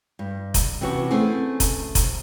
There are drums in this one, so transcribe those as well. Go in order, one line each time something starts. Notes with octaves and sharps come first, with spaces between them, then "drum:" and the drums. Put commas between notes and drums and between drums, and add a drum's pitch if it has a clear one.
G2
drum: kick F1, hi-hat
C3 E3 C#4 F#4
A3 C4 C#4 E4 G#4
drum: kick F1, hi-hat
drum: kick F1, hi-hat